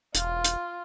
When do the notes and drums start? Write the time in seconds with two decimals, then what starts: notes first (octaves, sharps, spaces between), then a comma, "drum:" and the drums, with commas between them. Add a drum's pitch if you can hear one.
0.15 E1 F4, drum: hi-hat
0.44 drum: hi-hat